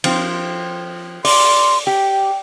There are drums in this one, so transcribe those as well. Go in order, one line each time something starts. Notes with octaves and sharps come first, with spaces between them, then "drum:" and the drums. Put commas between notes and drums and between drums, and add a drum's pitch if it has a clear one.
F3 C4, drum: cymbal
D5 C6, drum: open hi-hat
G4 G5